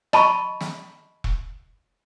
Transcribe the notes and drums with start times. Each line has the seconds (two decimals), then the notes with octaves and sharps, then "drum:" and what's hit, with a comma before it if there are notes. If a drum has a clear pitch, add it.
0.13 D#5 A5 B5 C#6, drum: rim click
0.61 drum: snare
1.24 drum: kick E1